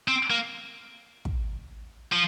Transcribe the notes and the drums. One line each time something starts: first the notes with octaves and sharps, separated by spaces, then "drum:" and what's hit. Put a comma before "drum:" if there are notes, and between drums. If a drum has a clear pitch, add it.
C4
A#3
drum: kick
F3